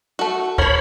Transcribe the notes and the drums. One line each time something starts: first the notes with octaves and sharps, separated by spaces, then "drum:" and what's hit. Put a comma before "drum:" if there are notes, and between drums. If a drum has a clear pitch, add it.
A3 F#4
A#4 C5 C#5 B5, drum: kick